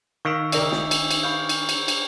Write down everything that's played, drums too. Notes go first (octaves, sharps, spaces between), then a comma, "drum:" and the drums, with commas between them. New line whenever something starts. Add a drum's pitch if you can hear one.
D#3 F5 C#6 E6 B6
C#2 D#4 G4 A#4 D5 E5 C7, drum: cymbal
drum: snare
drum: cymbal
drum: cymbal
F5 B5 C#6 G6
drum: cymbal
drum: cymbal
drum: cymbal